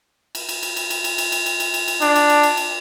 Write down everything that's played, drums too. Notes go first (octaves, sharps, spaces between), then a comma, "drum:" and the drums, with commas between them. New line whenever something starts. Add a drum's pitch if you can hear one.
drum: cymbal
drum: cymbal
drum: cymbal
drum: cymbal
drum: cymbal
drum: cymbal
drum: cymbal
drum: cymbal
drum: cymbal
drum: cymbal
drum: cymbal
drum: cymbal
D4, drum: cymbal
drum: cymbal
drum: cymbal
drum: cymbal
drum: cymbal